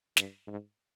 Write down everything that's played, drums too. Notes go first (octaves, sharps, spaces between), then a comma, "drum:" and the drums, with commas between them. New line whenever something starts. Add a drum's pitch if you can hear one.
G2, drum: snare
G#2